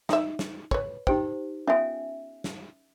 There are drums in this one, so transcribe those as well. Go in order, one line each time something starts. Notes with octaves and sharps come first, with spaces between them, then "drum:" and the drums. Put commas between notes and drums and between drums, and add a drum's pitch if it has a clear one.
D#4 E5, drum: snare
drum: snare
B4 C#5, drum: kick
D#4 G4 C5 G5, drum: kick
B3 C#4 F4 E5 G#5
drum: snare